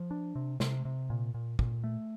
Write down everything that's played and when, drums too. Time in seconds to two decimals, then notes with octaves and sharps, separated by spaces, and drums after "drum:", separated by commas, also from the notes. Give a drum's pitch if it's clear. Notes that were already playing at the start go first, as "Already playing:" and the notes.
Already playing: F3
0.11 D4
0.35 C3
0.60 C3, drum: snare
0.85 C3
1.10 A#2
1.34 A#2
1.59 A#2, drum: kick
1.84 A3